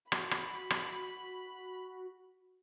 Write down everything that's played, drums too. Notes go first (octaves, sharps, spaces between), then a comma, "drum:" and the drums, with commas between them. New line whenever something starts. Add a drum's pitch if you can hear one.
F#4 B5, drum: rim click
drum: rim click
drum: rim click